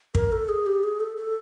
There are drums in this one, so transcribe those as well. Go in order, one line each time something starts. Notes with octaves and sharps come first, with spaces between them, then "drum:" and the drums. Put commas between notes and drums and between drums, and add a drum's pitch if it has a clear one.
A#4, drum: kick
A4
G#4
G4
G#4
A4
A4